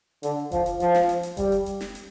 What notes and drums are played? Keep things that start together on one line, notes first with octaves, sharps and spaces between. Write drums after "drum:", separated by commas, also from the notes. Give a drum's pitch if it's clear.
D3, drum: hi-hat
F3, drum: kick F1, hi-hat
drum: hi-hat
F3, drum: hi-hat
drum: snare
drum: hi-hat
drum: hi-hat
G3, drum: kick F1, hi-hat
drum: hi-hat
drum: hi-hat
drum: snare
drum: hi-hat